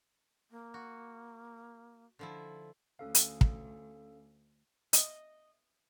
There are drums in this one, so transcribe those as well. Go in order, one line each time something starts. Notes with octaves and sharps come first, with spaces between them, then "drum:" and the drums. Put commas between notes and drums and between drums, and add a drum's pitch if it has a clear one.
A#3
F#4
D3 F3 E4
D2 C#4 A4 F5
drum: hi-hat
drum: kick
D#5, drum: hi-hat